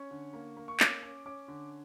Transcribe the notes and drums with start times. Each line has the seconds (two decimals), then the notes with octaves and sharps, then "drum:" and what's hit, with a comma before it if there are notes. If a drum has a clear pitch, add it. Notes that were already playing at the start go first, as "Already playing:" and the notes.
Already playing: C#4 C#6
0.11 D3
0.33 A#3
0.57 A#3
0.68 C#6
0.80 C#4 D6, drum: clap
1.03 C#4
1.26 C#4 D6
1.48 D3